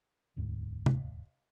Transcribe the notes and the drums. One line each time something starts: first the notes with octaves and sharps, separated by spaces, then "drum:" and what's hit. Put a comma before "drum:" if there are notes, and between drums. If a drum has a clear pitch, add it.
E1 D2 G#2
drum: tom C3